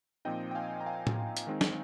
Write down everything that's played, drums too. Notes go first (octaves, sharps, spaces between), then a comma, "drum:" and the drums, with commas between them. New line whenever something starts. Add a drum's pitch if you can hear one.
A#2 F3 C4 D#4 D#5 G5
G5
F5 G#5
A#5
F5 G#5
drum: tom A2
drum: hi-hat
D#3 G#3 C4 D#4
drum: snare